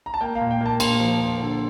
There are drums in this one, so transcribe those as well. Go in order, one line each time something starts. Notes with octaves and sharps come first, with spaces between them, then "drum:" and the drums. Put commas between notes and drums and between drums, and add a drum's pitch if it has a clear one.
A#5
A5
A#3 G5
F5
A#2
G5
A#3 A5
A#2 C6, drum: cymbal
F3
A#2
D3